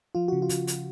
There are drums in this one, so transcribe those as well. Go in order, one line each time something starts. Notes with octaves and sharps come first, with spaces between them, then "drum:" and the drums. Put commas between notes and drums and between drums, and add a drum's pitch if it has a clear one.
F3 F4
C#3 F#4
F4
C#3, drum: hi-hat
drum: hi-hat